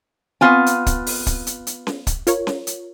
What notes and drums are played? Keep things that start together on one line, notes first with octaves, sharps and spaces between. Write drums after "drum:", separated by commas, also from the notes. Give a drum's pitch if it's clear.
B3 C4 F4 G#5
drum: hi-hat
drum: kick, hi-hat
drum: open hi-hat
drum: kick, hi-hat
drum: hi-hat
drum: hi-hat
drum: snare C#4
drum: kick, hi-hat
F4 A#4 C#5, drum: hi-hat
drum: snare C#4
drum: hi-hat